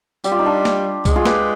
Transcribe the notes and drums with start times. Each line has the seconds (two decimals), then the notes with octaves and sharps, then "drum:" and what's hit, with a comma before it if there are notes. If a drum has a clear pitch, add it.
0.24 G3 G4, drum: tambourine
0.31 F4
0.39 D#4
0.46 D4 F4
0.65 drum: snare
1.05 G#3, drum: kick C2, tambourine
1.16 F4 G#4
1.25 G4 B4, drum: snare